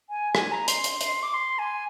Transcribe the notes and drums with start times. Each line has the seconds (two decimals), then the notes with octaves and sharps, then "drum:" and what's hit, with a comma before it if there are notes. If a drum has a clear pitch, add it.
0.10 G#5
0.35 G#5, drum: rim click
0.52 A#5
0.68 C6, drum: hi-hat
0.84 drum: hi-hat
1.01 drum: hi-hat
1.23 D6
1.34 C6
1.59 G#5